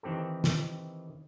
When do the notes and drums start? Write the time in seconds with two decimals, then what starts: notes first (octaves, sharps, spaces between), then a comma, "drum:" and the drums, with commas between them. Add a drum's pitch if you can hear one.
0.03 D#3 E3 C4 G4 A4
0.44 drum: snare